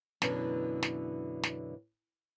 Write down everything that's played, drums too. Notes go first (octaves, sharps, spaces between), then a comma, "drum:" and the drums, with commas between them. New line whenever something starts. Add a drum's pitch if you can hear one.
F#2 B2 D3 E3, drum: snare
drum: snare
drum: snare